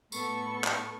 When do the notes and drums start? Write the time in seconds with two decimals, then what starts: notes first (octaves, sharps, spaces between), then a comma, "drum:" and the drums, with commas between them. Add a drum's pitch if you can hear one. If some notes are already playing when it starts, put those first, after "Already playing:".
0.12 A2 B3 A4 C#6, drum: tambourine
0.64 drum: clap